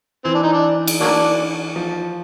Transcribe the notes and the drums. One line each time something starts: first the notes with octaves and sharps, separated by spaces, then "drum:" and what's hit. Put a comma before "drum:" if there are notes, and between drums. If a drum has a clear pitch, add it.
E3 C4
D4
D#4
D4
drum: cymbal
E3 F#3 A#3 D4
F3